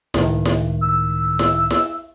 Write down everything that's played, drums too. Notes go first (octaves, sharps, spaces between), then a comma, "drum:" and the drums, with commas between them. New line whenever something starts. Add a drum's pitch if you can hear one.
C#2 A2 D#3, drum: snare E4
drum: snare E4
E6
drum: snare E4
drum: snare E4